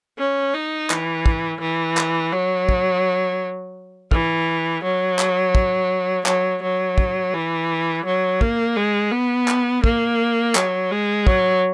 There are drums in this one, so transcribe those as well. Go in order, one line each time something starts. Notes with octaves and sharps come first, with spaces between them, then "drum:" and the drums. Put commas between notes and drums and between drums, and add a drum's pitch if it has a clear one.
C#4
D#4
E3, drum: clap
drum: kick
E3
drum: clap
F#3
drum: kick
E3, drum: kick
F#3
drum: clap
drum: kick
F#3, drum: clap
F#3
drum: kick
E3
F#3
A#3, drum: kick
G#3
B3
drum: clap
A#3, drum: kick
F#3, drum: clap
G#3
F#3, drum: kick